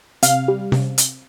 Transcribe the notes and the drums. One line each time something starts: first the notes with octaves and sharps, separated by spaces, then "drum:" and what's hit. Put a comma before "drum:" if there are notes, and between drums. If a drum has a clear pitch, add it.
C3 F5, drum: hi-hat
G3
C3, drum: snare C#4
drum: hi-hat